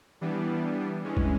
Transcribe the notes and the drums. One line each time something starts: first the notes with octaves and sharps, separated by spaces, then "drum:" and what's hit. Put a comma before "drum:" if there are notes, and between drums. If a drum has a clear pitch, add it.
E3 G3 B3 D4
E3 G#3 C#4
drum: kick